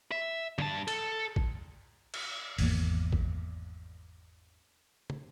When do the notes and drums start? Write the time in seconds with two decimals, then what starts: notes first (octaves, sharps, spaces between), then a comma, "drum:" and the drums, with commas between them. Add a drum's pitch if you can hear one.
0.11 E5
0.59 G2 A5, drum: tom D3
0.88 A4, drum: cymbal
1.36 drum: kick
2.14 drum: cymbal
2.58 G#1 E2 A#3, drum: open hi-hat
3.13 drum: kick
5.10 drum: tom